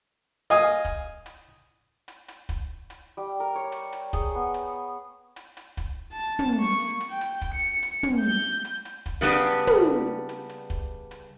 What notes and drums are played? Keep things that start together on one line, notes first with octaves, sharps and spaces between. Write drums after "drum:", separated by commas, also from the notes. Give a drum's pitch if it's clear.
D#5 F5 G#5 D#6
drum: kick, hi-hat
drum: hi-hat
drum: hi-hat
drum: hi-hat
drum: kick, hi-hat
drum: hi-hat
G3
A#4
C#5
drum: hi-hat
drum: hi-hat
G#4, drum: kick, hi-hat
B3
drum: hi-hat
drum: hi-hat
drum: hi-hat
drum: kick, hi-hat
A5
drum: tom
A#3 C#6
drum: hi-hat
G5
drum: hi-hat
drum: kick, hi-hat
C#7
drum: hi-hat
drum: tom
G6
drum: hi-hat
drum: hi-hat
drum: kick, hi-hat
C#3 G3 B3 D4
drum: hi-hat
drum: tom
drum: hi-hat
drum: hi-hat
drum: kick, hi-hat
drum: hi-hat